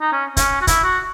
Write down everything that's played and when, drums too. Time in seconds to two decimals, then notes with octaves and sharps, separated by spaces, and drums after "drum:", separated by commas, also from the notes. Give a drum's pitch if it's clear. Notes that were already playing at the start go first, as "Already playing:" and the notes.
0.01 D#4
0.13 C#4
0.37 C#4, drum: kick, hi-hat
0.62 F#4
0.67 E4, drum: kick, hi-hat
0.84 F#4